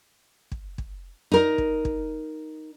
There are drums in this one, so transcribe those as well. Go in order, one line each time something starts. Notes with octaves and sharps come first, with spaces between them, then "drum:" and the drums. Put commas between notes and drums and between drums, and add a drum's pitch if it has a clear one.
drum: kick
drum: kick
D#4 A#4
drum: kick
drum: kick